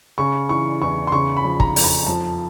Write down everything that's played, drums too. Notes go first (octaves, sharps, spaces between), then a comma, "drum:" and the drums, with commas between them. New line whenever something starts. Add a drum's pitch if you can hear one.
C#3 C#6
E3 C#6
E2 C#6
C6
C#3 C#6
B5
F3
A#5, drum: kick
F2, drum: open hi-hat
A#5
F3 A5